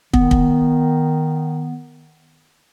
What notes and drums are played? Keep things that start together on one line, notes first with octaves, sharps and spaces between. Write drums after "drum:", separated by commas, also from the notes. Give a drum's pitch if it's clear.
D#3 B3, drum: kick
drum: kick